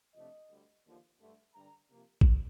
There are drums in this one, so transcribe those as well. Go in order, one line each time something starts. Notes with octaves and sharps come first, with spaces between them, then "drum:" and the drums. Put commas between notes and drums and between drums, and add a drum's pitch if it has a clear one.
F2 C3 F3 A3 D4 D#5
D2 D3 G3
D#2 D3 F3
G2 D3 A3
G2 D3 G3 D4 A#5
C3 F3 A#3
drum: kick